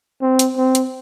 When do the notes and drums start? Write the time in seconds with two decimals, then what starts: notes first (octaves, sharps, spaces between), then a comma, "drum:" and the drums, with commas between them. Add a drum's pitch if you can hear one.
0.21 C4
0.39 drum: hi-hat
0.57 C4
0.75 drum: hi-hat